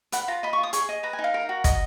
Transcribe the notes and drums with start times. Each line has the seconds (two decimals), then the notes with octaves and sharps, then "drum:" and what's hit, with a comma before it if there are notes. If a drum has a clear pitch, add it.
0.12 B4 F#5, drum: hi-hat
0.28 F4 A#5
0.43 D#5 B5
0.53 C#6
0.58 F4
0.63 D#6
0.73 G#4 C#6, drum: hi-hat
0.89 D#5
1.03 B4 A#5
1.13 G#5
1.19 D#4
1.24 F5
1.34 A#4
1.49 F#4
1.64 D#5, drum: kick, hi-hat